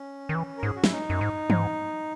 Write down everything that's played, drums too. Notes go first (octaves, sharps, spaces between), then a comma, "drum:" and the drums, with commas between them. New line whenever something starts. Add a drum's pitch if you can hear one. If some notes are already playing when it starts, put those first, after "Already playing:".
Already playing: C#4
D#3
E3
A#4
G#2 G#4
F#4
E4, drum: snare
D#4
F#2
G#2
G#2, drum: tom E3